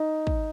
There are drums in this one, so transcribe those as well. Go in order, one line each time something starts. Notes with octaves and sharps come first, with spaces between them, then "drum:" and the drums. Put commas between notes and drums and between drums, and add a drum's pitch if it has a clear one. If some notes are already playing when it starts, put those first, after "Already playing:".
Already playing: D#4
drum: kick